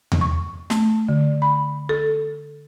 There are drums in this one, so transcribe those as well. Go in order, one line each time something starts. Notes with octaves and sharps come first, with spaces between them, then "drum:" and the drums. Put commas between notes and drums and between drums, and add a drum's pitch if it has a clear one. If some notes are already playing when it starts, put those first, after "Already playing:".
drum: tom E2
C#6
A3, drum: snare
D3
B5
A4